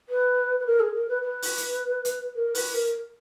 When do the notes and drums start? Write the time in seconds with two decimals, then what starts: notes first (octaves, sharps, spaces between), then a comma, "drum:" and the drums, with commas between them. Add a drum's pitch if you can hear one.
0.09 B4
0.60 B4
0.66 A#4
0.80 G#4
0.94 A#4
1.09 B4
1.23 B4
1.42 drum: open hi-hat
1.57 drum: hi-hat
2.05 drum: hi-hat
2.36 A#4
2.55 B4, drum: open hi-hat
2.74 A#4